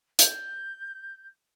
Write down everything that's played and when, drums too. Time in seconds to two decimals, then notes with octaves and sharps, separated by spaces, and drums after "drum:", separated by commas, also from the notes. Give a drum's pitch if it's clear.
0.19 G6, drum: hi-hat